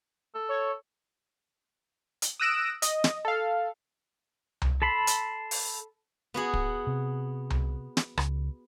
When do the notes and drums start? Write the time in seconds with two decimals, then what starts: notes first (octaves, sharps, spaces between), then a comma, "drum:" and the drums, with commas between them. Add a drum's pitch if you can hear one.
0.35 A4
0.49 C#5
2.22 drum: hi-hat
2.40 D#6 E6 F#6 A#6 D7 E7
2.82 D#5, drum: hi-hat
3.04 drum: snare
3.25 A4 F5
4.62 drum: tom C2
4.82 A4 A5 B5 C6
5.07 drum: hi-hat
5.51 drum: open hi-hat
6.34 B3 F#4 G#4
6.54 drum: kick
6.87 C3
7.50 drum: tom C2
7.97 drum: snare
8.17 C#2, drum: rim click